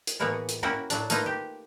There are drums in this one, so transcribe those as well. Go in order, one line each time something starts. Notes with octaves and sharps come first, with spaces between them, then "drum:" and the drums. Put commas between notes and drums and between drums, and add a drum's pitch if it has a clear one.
drum: hi-hat
A2 E3 A#3 B3 G#4 C#5
drum: hi-hat
A#3 C#4 E4 F#4 F#5 G5
A2 F#3 D4, drum: hi-hat
A3 A#3 D#4 F4 B4 D#5, drum: hi-hat
G4